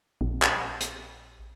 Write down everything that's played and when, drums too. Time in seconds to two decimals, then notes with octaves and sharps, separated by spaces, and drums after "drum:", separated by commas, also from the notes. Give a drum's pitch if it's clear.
0.21 A#1
0.42 drum: clap
0.81 drum: hi-hat